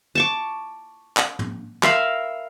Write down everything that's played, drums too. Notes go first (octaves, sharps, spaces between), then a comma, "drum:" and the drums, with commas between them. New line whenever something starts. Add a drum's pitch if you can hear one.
A5 C#6 D6
drum: clap
drum: tom
A#4 E5 F5 B5, drum: clap